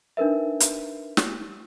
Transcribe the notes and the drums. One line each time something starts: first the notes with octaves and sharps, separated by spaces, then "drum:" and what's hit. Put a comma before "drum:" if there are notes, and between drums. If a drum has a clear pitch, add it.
D4 D#4 A#4 B4 E5
drum: hi-hat
drum: snare